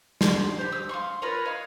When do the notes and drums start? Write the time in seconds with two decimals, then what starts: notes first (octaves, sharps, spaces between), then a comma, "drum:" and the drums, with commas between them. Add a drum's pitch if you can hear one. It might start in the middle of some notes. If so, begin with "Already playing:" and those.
0.21 C6, drum: snare
0.59 G4 C5
0.72 D6 E6
0.89 F5 G5 C6 C#6
1.22 F4 A#4 B4 C#5
1.45 C#5 D#5 F5